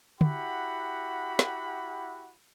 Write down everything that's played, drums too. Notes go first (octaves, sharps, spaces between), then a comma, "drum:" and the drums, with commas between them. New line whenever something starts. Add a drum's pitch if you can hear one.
E4 F#4 G4 F#5 B5, drum: tom
drum: snare